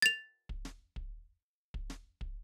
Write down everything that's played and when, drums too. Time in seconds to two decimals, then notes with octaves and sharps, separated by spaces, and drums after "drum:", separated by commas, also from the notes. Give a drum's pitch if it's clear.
0.02 A6 F7
0.49 drum: kick
0.65 drum: snare
0.96 drum: kick
1.74 drum: kick
1.90 drum: snare
2.21 drum: kick